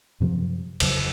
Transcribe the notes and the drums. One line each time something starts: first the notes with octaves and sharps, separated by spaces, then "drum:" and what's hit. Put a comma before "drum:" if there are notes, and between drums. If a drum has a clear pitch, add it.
F#2 C3 F3 F#3
F1 D#2 C#3 F#3, drum: cymbal